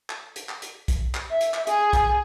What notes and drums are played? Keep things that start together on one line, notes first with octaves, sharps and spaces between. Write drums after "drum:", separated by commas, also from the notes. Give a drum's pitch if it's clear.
drum: clap
drum: hi-hat
drum: clap
drum: hi-hat
drum: kick, hi-hat
drum: clap
E5
drum: hi-hat
drum: clap
G#4, drum: hi-hat
drum: kick, hi-hat